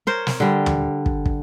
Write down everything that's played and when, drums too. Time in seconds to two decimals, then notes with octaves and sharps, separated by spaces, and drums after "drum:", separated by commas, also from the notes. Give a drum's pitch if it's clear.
0.07 A#4 C5 C#5
0.27 drum: snare
0.40 D3 G3
0.66 drum: tom
1.06 drum: kick
1.26 drum: kick